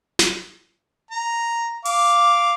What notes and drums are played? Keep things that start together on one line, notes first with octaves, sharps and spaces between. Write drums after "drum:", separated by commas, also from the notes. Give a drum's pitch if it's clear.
drum: snare
A#5
F5 D6, drum: open hi-hat